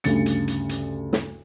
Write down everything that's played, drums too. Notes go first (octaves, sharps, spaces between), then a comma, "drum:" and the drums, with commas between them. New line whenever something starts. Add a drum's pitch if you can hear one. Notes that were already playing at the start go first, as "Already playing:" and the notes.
D2 G2 C#3 A6 C#7, drum: hi-hat
drum: hi-hat
drum: hi-hat
drum: hi-hat
drum: snare